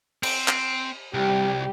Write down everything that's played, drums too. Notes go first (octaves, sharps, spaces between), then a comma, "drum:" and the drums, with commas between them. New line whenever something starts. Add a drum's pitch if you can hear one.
C4, drum: cymbal
drum: clap
C2 G3 G4